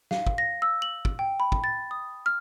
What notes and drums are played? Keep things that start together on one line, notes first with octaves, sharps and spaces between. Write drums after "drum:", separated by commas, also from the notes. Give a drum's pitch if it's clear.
F5, drum: snare
drum: kick
A#6
E6
F#7
drum: kick
G5
B5
drum: kick
A6
D#6
F6